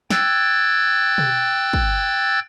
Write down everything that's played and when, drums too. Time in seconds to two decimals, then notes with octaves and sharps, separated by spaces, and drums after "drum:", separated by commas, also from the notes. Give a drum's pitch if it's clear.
0.10 G5 E6 F#6 G#6 A6, drum: snare
1.18 drum: tom B2
1.73 drum: kick